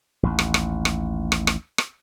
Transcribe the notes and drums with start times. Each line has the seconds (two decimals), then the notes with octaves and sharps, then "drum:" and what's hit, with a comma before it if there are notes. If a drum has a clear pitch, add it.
0.23 A1 D#2
0.39 drum: rim click
0.54 drum: rim click
0.85 drum: rim click
1.32 drum: rim click
1.47 drum: rim click
1.78 drum: rim click